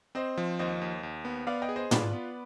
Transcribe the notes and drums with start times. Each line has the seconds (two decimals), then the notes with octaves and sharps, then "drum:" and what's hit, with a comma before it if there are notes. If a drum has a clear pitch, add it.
0.15 C4 C5 D#5
0.38 F3
0.59 D#2 C5 D#5
0.82 D#2
1.03 D#2
1.25 B3
1.47 B3 D5 F5
1.62 D#5 G5
1.69 G#4
1.76 C5 D#5
1.91 F4 B4 D5, drum: tom
2.13 B3